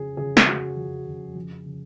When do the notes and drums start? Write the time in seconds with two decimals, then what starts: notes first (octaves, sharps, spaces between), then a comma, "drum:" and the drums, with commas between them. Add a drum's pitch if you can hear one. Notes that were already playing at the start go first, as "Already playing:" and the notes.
Already playing: F2 C#3 G#4
0.17 C#3 G#4
0.37 drum: snare
0.46 F2 F#4
0.76 F2
1.07 C#3
1.35 F2
1.66 C#3